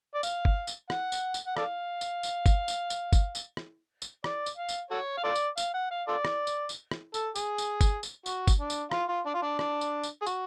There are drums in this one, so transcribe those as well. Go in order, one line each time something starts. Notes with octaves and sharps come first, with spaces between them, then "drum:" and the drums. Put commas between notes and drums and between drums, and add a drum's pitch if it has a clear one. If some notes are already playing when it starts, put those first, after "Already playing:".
D5
F5, drum: tambourine
drum: kick G1
drum: tambourine
F#5, drum: rim click
drum: tambourine
drum: tambourine
F#5
A4 D5 F5, drum: rim click
drum: tambourine
drum: tambourine
drum: kick G1, tambourine
drum: tambourine
drum: tambourine
drum: kick G1, tambourine
drum: tambourine
drum: rim click
drum: tambourine
D5, drum: rim click
drum: tambourine
F5
drum: tambourine
F#4 A4 C#5
F5
F4 A4 D5
drum: tambourine
F5, drum: tambourine
F#5
F5
F4 A4 D5
drum: rim click
drum: tambourine
drum: tambourine
drum: rim click
A4, drum: tambourine
G#4, drum: tambourine
drum: tambourine
drum: kick G1, tambourine
drum: tambourine
F#4, drum: tambourine
drum: kick G1, tambourine
D4
drum: tambourine
F4, drum: rim click
F4
D4
F4
D4
D4, drum: rim click
drum: tambourine
drum: tambourine
G#4
F#4, drum: tambourine